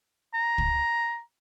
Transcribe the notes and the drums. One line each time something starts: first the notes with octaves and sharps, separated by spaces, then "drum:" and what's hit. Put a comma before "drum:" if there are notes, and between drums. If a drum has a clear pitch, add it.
A#5
drum: kick